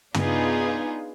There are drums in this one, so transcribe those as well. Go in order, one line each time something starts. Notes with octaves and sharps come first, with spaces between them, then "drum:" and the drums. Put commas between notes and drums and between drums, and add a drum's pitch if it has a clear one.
B3 D4 D#4 F4 G#4, drum: tom